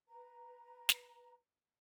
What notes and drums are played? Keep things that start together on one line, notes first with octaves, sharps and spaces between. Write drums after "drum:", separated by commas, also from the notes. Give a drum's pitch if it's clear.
B4 A#5
drum: snare